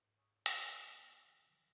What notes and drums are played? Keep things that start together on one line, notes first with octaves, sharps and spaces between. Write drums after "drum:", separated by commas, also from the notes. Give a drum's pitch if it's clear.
G#2
C#5 G#5 C#6 D#6 E6
D6, drum: hi-hat
A3 B3 F#4
D#3
A#2 D3 F3 F#3